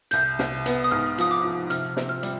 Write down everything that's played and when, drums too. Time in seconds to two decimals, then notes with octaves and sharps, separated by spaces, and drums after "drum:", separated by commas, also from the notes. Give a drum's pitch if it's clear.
0.11 C2 G6, drum: hi-hat
0.39 C2, drum: snare
0.66 B3, drum: hi-hat
0.84 D#6
0.91 G#2 F6
1.18 F3 D#6, drum: hi-hat
1.31 D6
1.44 F3
1.70 C3 F6, drum: hi-hat
1.97 C4, drum: snare
2.09 F6
2.23 G3, drum: hi-hat